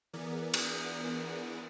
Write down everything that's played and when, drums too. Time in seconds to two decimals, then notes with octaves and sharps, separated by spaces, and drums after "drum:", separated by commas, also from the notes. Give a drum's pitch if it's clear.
0.13 E3 B3 G#4 A#4 D5
0.54 drum: cymbal